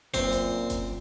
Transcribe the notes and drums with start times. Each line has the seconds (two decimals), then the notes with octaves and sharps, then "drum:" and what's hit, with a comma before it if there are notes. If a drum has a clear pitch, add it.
0.14 F#2 A#2 C4 C5, drum: kick F1, hi-hat
0.32 drum: hi-hat
0.70 drum: kick F1, hi-hat